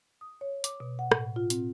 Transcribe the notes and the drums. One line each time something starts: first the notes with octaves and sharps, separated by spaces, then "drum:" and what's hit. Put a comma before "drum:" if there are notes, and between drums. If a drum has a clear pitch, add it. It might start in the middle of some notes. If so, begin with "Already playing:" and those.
D#6
C#5
D6, drum: hi-hat
B2
F#5
A2, drum: rim click
F4
C4, drum: hi-hat